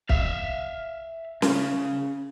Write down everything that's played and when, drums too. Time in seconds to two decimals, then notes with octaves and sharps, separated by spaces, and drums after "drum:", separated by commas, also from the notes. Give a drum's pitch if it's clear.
0.09 E5 F5, drum: kick
1.42 C#3, drum: snare